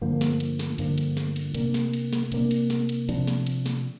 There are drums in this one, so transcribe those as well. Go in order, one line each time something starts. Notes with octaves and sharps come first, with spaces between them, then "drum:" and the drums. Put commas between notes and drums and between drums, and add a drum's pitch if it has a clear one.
G2 D3 F3 A#3
drum: snare
drum: cymbal
drum: snare
G2 D3 F3 A#3, drum: cymbal
drum: cymbal
drum: snare
drum: cymbal
C3 A#3 D4, drum: cymbal
drum: snare
drum: cymbal
drum: snare
C3 A#3 D4, drum: cymbal
drum: cymbal
drum: snare
drum: cymbal
C3 F3 D4, drum: cymbal
drum: snare
drum: cymbal
drum: snare